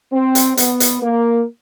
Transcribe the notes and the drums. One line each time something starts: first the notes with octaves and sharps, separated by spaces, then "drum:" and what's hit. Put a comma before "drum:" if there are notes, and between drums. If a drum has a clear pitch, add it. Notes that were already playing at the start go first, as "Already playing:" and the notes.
C4
drum: hi-hat
B3, drum: hi-hat
drum: hi-hat
A#3